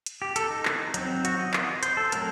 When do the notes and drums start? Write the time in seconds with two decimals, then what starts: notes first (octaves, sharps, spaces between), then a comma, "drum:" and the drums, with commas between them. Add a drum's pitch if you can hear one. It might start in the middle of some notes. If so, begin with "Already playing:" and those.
0.06 drum: hi-hat
0.22 G4
0.36 A4, drum: hi-hat
0.50 D#4
0.65 drum: clap
0.94 F#3 C4, drum: hi-hat
1.25 F#4, drum: hi-hat
1.39 D#5
1.54 drum: clap
1.83 C5, drum: hi-hat
1.97 A4
2.12 F#3 A3 C4 A#4, drum: hi-hat